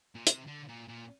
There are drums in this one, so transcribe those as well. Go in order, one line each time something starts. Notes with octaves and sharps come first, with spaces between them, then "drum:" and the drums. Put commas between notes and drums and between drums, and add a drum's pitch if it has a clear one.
A#2
C3, drum: hi-hat
D3
A#2
A#2